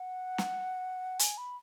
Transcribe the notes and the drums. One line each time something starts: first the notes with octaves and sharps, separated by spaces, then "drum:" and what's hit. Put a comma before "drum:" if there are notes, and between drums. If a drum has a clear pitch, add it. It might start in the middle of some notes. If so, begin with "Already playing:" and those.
Already playing: F#5
drum: snare
G#5, drum: hi-hat
B5